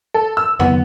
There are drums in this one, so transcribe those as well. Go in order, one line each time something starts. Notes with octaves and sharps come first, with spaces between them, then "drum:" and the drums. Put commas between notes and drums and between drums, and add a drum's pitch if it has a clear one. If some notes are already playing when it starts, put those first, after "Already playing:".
A4
E6
B3, drum: tom